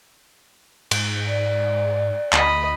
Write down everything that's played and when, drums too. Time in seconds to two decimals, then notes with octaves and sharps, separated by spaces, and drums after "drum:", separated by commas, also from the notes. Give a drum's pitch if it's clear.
0.91 G#2, drum: cymbal
1.27 D5
2.33 D2 D#5 B5, drum: clap